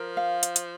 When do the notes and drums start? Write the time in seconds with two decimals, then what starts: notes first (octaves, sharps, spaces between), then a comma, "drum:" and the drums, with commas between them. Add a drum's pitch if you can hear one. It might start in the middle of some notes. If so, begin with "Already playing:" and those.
Already playing: F3 A#4
0.17 F5
0.43 drum: hi-hat
0.56 drum: hi-hat